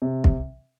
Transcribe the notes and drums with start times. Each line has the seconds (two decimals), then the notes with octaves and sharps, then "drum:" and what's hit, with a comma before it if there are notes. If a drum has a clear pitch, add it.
0.02 C3
0.24 drum: kick